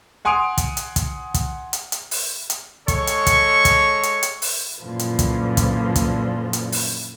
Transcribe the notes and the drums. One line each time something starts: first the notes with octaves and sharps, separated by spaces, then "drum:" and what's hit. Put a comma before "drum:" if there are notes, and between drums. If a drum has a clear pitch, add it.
F#5 G#5 C6 D#6 D7 F7
drum: kick, hi-hat
drum: hi-hat
drum: kick, hi-hat
drum: kick, hi-hat
drum: hi-hat
drum: hi-hat
drum: open hi-hat
drum: hi-hat
G#3 A4 C#5 C#6, drum: kick, hi-hat
drum: hi-hat
drum: kick, hi-hat
drum: kick, hi-hat
drum: hi-hat
drum: hi-hat
drum: open hi-hat
F#2 A#2 D3 E3 F3
drum: hi-hat
drum: kick, hi-hat
drum: kick, hi-hat
drum: kick, hi-hat
drum: hi-hat
drum: open hi-hat